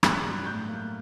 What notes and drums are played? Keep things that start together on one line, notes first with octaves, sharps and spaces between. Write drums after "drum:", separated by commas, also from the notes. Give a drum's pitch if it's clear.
G2 F#6, drum: rim click
F#3
A2 G6
A#3